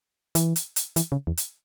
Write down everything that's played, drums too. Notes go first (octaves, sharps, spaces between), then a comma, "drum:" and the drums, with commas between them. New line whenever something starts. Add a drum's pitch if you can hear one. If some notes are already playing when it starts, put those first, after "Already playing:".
E3, drum: hi-hat
drum: hi-hat
drum: hi-hat
E3, drum: hi-hat
C#3
E2
drum: hi-hat